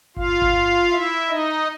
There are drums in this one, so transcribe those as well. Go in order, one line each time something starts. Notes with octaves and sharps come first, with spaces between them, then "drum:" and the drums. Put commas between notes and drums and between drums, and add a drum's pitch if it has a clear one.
F4 F5, drum: kick G1
drum: kick G1
E4 E5
D#4 D#5